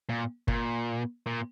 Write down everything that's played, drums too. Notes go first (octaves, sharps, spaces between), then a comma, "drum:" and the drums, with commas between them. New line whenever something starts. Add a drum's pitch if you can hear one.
A#2
A#2, drum: kick
A#2